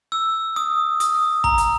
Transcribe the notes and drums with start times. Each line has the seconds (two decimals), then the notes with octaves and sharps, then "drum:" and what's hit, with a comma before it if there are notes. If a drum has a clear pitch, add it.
0.12 E6
0.56 D#6
1.00 D#6, drum: hi-hat
1.44 A#5, drum: kick
1.58 drum: hi-hat